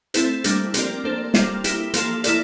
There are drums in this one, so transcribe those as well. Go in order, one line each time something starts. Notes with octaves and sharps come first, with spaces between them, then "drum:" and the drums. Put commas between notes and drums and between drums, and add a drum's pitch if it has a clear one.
A3 C4 E4 A4 C5, drum: hi-hat
G3 A#3 D4, drum: hi-hat
F3 C4 G4 A#4 D5, drum: hi-hat
A#3 D4 A4 C5
G3 A#3 F4 A4, drum: snare
A#3 E4 G4, drum: hi-hat
F3 A#3 F4 A4, drum: hi-hat
A#3 E4 A4 D5, drum: hi-hat